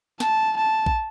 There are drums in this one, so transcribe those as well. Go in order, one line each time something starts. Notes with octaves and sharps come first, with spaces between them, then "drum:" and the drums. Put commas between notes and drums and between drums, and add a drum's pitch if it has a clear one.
A5, drum: snare
A5
drum: kick A#1